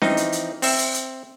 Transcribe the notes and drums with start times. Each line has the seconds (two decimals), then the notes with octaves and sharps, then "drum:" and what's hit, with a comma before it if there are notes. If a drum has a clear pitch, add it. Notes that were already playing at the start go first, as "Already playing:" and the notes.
0.02 E3 F3 C4 D#4, drum: snare C#4
0.17 drum: hi-hat
0.32 drum: hi-hat
0.62 C4 E5, drum: open hi-hat
0.79 drum: hi-hat
0.94 drum: hi-hat